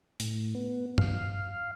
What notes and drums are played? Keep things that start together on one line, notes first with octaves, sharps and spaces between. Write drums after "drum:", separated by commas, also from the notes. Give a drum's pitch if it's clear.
A2, drum: open hi-hat
B3
F5, drum: tom G2